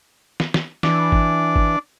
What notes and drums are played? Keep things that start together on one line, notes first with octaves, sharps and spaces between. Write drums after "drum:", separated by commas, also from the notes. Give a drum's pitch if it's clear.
drum: snare
drum: snare
E3 D4, drum: snare
drum: kick G#1
drum: kick G#1